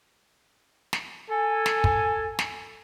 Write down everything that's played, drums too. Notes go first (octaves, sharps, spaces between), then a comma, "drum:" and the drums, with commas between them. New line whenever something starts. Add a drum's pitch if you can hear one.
drum: snare
A4 G#5
drum: snare
drum: kick
drum: snare